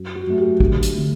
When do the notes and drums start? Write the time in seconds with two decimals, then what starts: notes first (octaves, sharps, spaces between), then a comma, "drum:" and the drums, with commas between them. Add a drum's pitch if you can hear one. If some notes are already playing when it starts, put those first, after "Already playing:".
Already playing: F#2
0.15 F#4
0.27 F#3 A3
0.38 G4
0.60 D2, drum: kick
0.83 drum: hi-hat
0.94 D3 A3